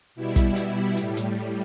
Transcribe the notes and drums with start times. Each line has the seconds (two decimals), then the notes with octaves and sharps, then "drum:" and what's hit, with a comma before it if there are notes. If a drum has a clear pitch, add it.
0.15 B2 G3 E4
0.36 drum: kick, hi-hat
0.56 drum: hi-hat
0.97 A2 G3, drum: hi-hat
1.17 drum: hi-hat